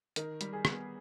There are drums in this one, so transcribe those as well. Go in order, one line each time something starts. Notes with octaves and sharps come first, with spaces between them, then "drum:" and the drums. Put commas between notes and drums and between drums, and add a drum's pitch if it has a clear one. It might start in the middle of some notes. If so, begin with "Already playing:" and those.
D#3 A#4, drum: hi-hat
G3, drum: hi-hat
G#4
B3, drum: rim click